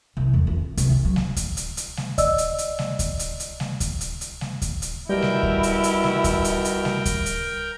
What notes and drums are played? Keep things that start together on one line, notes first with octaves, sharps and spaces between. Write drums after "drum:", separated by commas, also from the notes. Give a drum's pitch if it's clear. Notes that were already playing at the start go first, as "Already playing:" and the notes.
C2
E2
F4
C2, drum: hi-hat
D#3
F#3
drum: snare G3
drum: kick D2, hi-hat
drum: hi-hat
drum: hi-hat
drum: snare G3
D5 D#5 E6, drum: kick D2, hi-hat
drum: hi-hat
drum: hi-hat
drum: snare G3
drum: kick D2, hi-hat
drum: hi-hat
drum: hi-hat
drum: snare G3
drum: kick D2, hi-hat
drum: hi-hat
drum: hi-hat
drum: snare G3
drum: kick D2, hi-hat
drum: hi-hat
B2 G3 E4 A#4 G5
drum: snare G3
drum: kick D2
drum: hi-hat
drum: hi-hat
drum: snare G3
drum: kick D2, hi-hat
drum: hi-hat
drum: hi-hat
drum: snare G3
drum: kick D2, hi-hat
drum: hi-hat